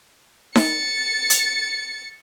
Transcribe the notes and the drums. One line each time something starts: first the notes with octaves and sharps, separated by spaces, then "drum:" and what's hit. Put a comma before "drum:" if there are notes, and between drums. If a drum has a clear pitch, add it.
A6 C#7, drum: snare D#4
drum: hi-hat